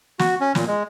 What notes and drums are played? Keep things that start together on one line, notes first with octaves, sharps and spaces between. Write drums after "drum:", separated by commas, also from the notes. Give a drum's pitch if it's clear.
F#4, drum: snare
C#4
A#2, drum: snare
G#3